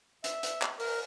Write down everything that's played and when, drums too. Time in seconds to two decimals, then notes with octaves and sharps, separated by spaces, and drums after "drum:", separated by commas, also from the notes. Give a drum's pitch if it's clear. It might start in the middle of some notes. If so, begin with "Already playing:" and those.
0.24 E5, drum: hi-hat
0.43 drum: hi-hat
0.62 drum: clap
0.79 A#4, drum: open hi-hat